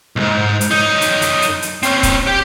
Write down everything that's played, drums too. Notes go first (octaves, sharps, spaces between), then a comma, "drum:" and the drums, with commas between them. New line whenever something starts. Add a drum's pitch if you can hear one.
B1 G#2
drum: hi-hat
F#2 D#4
drum: hi-hat
drum: hi-hat
drum: hi-hat
drum: hi-hat
C4 C#4, drum: hi-hat
drum: kick, hi-hat
G4 G5